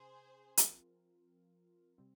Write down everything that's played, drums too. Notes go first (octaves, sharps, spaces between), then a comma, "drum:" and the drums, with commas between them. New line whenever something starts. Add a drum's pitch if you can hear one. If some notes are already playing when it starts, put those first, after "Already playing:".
Already playing: C3 C#4 G#4 C5
F3 C4 F4 A#4, drum: hi-hat
C3 G3 C4